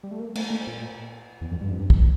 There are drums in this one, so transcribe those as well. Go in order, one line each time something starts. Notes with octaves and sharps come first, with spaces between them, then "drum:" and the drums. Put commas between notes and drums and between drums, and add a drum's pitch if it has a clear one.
G3
A3
A#3
A3, drum: cymbal
A3
A#2
E2
F2
G2
F2
G2
drum: kick